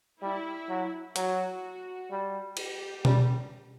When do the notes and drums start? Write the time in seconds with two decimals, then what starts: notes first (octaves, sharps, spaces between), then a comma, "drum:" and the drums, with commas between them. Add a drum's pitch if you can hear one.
0.22 G3 E4
0.69 F#3
1.16 F#3 F#4, drum: hi-hat
2.11 G3
2.57 G4, drum: cymbal
3.05 G3, drum: tom B2